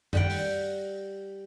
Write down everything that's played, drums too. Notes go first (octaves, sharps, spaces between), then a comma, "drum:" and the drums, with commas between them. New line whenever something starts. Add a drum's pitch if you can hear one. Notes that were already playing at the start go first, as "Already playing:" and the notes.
G3 F#5 G5, drum: tom F#2
drum: open hi-hat